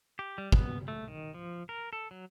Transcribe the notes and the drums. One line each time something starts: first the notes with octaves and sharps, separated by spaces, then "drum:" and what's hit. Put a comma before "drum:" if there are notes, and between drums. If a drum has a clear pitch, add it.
G4
G3
B3, drum: kick
A3
D#3
F3
A#4
A4
F#3